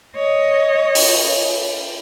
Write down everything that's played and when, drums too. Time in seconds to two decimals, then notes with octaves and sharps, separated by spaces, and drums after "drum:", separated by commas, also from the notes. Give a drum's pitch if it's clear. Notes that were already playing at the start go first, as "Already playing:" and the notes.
0.16 C#5 D#5
0.95 drum: open hi-hat